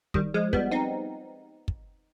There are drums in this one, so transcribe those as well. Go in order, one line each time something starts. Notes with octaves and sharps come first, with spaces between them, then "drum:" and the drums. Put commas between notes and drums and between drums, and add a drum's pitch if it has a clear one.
D#3 G3, drum: kick
F3 G#3
G3 B3, drum: kick
C4 D#4
drum: kick